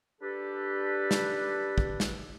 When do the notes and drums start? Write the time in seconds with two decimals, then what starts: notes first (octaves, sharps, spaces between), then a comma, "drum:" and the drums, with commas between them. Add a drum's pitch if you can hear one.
0.22 D4 G4 A4 B4
1.11 drum: snare
1.78 drum: kick
2.00 drum: snare